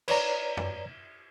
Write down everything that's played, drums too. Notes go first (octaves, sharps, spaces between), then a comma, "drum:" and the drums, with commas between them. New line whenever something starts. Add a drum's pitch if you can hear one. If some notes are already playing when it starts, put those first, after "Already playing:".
B4 C#5 D5 A#5, drum: cymbal
drum: tom F#2